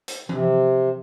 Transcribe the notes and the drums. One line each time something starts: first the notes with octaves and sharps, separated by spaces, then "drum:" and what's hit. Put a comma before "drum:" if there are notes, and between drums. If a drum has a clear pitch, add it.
drum: hi-hat
C3, drum: tom E3